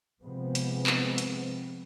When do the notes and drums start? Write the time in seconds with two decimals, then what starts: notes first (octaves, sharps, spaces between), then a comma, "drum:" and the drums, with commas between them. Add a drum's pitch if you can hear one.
0.24 C3 F3 G#3 B3 C4
0.55 drum: hi-hat
0.87 drum: clap
1.18 drum: hi-hat